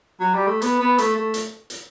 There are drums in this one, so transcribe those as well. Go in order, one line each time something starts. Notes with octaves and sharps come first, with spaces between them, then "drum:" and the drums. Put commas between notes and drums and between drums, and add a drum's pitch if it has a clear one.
F#3
G3
A3
B3, drum: hi-hat
B3
A3, drum: hi-hat
A3
drum: hi-hat
drum: hi-hat